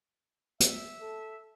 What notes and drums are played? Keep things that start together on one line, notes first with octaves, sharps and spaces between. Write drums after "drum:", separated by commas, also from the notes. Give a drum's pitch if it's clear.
E5, drum: hi-hat
A4